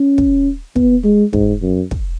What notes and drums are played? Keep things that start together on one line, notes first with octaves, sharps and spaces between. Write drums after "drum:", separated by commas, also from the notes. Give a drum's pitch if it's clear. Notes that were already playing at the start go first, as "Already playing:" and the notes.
Already playing: C#4
drum: kick
B3, drum: kick
G#3
G#2, drum: kick
F#2
drum: kick